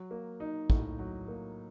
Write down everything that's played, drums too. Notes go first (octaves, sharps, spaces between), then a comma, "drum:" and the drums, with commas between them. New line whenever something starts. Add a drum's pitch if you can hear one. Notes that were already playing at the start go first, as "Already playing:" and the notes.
Already playing: F#3
A#3
D#4
A2, drum: kick
F#3
A#3